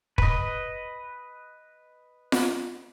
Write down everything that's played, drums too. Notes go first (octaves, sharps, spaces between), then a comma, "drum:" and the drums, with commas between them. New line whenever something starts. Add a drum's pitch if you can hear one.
B4 D#5, drum: kick
drum: snare F4